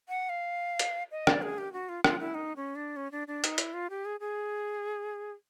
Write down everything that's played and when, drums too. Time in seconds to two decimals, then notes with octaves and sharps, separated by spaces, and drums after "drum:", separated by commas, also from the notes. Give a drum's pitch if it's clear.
0.09 F#5
0.29 F5
0.79 drum: hi-hat
1.11 D#5
1.27 D5, drum: rim click
1.42 G#4
1.58 G4
1.73 F#4
1.89 F4
2.04 F4, drum: rim click
2.20 E4
2.35 D#4
2.56 C#4
2.76 D4
2.96 C#4
3.12 D4
3.28 D4
3.44 D#4, drum: hi-hat
3.58 E4, drum: hi-hat
3.74 F4
3.90 G4
4.05 G#4
4.20 G#4